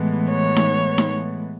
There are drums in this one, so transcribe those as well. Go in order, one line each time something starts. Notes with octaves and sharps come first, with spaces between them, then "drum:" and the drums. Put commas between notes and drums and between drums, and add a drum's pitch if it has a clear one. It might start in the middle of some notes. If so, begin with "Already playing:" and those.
Already playing: A2 E3 G#3 B3
C#5
drum: snare D#4
drum: snare D#4